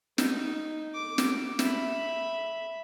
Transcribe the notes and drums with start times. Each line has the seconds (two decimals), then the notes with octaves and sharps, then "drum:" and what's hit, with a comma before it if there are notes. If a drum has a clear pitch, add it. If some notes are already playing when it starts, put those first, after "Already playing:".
0.18 D#4, drum: snare
0.94 D6
1.18 drum: snare
1.59 E5 B5, drum: snare